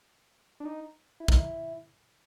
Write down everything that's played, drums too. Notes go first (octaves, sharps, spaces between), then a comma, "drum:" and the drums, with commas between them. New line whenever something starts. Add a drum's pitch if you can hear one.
D4
D#4
E4
D#4, drum: kick
E4